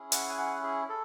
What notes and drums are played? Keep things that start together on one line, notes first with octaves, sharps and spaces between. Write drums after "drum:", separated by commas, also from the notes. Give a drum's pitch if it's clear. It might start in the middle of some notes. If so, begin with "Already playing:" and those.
Already playing: C#4 E4 G#4
F#5, drum: hi-hat
G#5
F#5
G#4
A4